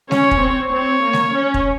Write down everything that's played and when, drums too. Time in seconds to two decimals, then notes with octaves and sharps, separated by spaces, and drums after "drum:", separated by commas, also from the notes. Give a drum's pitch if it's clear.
0.11 C#4 C#5, drum: snare G#3
0.31 drum: kick
0.41 C4
0.72 C4 C#5
1.03 A#3
1.13 drum: snare G#3
1.34 C#4
1.54 drum: kick